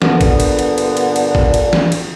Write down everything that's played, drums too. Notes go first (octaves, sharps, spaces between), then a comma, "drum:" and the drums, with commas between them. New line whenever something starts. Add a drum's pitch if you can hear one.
G2 A#2 D3 B3, drum: snare
drum: kick, cymbal
drum: cymbal
drum: cymbal
drum: cymbal
drum: cymbal
drum: cymbal
drum: kick
drum: cymbal
drum: snare
drum: cymbal